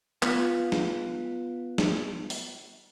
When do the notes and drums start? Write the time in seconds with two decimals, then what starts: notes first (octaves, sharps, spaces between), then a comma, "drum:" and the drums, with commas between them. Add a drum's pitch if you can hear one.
0.23 B3 F4, drum: clap
0.72 drum: snare
1.78 drum: snare
2.30 drum: open hi-hat